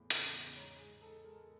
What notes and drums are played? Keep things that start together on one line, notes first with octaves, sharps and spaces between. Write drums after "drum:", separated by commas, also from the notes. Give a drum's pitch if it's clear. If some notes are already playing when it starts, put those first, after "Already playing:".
Already playing: E2 A2 E3
C#3, drum: hi-hat
E2
G#2 C#5
G#2 G#4
G#2 A4
G#3 A#4